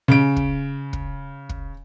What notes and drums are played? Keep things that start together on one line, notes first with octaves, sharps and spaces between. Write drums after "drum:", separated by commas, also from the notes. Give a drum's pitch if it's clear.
C#3 D7
drum: kick
drum: kick
drum: kick